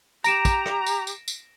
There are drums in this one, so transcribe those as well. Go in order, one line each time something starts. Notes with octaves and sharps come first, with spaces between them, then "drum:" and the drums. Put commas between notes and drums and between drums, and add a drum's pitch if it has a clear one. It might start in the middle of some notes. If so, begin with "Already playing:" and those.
G4 A#5 A#6 D7 E7, drum: tambourine
drum: kick, tambourine
drum: rim click
drum: tambourine
drum: tambourine
drum: tambourine